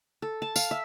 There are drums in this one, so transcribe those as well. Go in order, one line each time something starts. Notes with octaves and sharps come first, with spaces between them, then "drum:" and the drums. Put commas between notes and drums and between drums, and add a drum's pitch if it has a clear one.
A4
A5
F5, drum: tambourine
E5